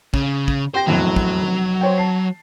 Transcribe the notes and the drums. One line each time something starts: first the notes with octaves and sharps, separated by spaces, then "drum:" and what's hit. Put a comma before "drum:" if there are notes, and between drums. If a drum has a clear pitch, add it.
C#3, drum: kick
drum: kick
G4 C5 G5 A#6
E1 F2 A2 F#3
drum: kick
F1
C5 C#5 G5
A5 C7